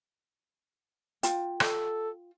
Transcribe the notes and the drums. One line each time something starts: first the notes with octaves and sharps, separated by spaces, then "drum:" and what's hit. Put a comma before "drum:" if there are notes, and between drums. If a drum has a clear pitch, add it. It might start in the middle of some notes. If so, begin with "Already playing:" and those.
F4 G5, drum: hi-hat
A4, drum: rim click